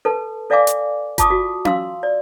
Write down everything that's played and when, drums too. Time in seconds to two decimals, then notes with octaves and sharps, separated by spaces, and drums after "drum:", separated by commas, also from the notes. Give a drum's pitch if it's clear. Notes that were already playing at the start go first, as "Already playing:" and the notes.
0.05 A4 B4 A5
0.50 A4 D5 E5 F5 G#5 D6
0.67 drum: hi-hat
1.18 F4 A5 D6 D#6, drum: kick F#1, hi-hat
1.30 F#4
1.65 F5 C6 E6, drum: tom C#4
2.03 D5